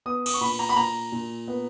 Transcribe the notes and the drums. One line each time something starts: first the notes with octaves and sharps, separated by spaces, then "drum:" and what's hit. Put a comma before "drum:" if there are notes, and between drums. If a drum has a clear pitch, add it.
B3 D#6
D#6, drum: cymbal
C#6
A#2 B5
A#5
B5
A#2 A#5
A#2
B3